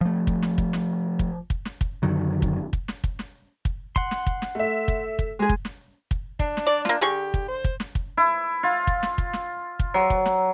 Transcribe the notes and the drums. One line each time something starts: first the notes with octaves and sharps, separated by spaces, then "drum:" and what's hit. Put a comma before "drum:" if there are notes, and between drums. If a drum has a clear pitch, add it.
F3 A3
drum: kick
drum: snare
drum: kick
drum: snare
drum: kick
drum: kick
drum: snare
drum: kick
F#2 D3 D#3 F#3
drum: kick
drum: kick
drum: snare
drum: kick
drum: snare
drum: kick
F#5 C6, drum: kick
drum: snare
drum: kick
drum: snare
A3 E5
drum: kick
drum: kick
G#3 G#4
drum: kick
drum: snare
drum: kick
D4, drum: kick
drum: snare
D5
A#3 F4, drum: snare
D3 G4 G#4 C#6
drum: kick
C5
drum: kick
drum: snare
drum: kick
E4
F4
drum: kick
drum: snare
drum: kick
drum: snare
drum: kick
F#3
drum: kick
drum: snare